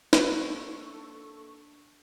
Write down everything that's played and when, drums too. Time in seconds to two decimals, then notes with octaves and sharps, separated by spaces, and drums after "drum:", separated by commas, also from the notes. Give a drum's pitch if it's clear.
0.13 A3 A#3 D4 E4 A4 C#5 C#6, drum: snare